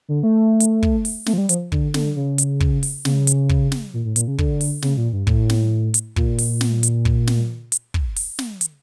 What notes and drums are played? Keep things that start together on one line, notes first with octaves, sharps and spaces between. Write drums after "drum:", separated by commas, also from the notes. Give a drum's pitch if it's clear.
D3
A3
drum: hi-hat
drum: kick
drum: open hi-hat
A3, drum: snare
F3
G3
F3, drum: hi-hat
D3, drum: kick
D3, drum: snare
C#3
drum: hi-hat
drum: kick
drum: open hi-hat
C#3, drum: snare
drum: hi-hat
drum: kick
drum: snare
A#2
A2
A#2, drum: hi-hat
C#3
D3, drum: kick
drum: open hi-hat
C#3, drum: snare
A#2
G2
A2, drum: kick
drum: snare
drum: hi-hat
A#2, drum: kick
drum: open hi-hat
drum: snare
drum: hi-hat
drum: kick
drum: snare
drum: hi-hat
drum: kick
drum: open hi-hat
drum: snare
drum: hi-hat